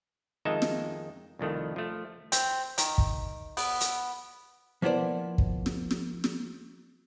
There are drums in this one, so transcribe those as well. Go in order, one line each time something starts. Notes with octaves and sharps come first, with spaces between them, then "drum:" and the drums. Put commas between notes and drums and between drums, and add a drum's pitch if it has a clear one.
F2 D#3 G#3 D#4 E5 A5
drum: snare
C2 F2 D#3 A3
F3 A3
C4, drum: hi-hat
D#3, drum: hi-hat
drum: kick
B3, drum: open hi-hat
drum: hi-hat
F3 A#3 B3 E4 C5 D5
drum: kick
drum: snare
drum: snare
drum: snare